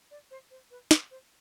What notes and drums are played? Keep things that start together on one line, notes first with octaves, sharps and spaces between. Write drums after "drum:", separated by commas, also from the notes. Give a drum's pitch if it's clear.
D5
C5
C5
B4
B4, drum: snare
C5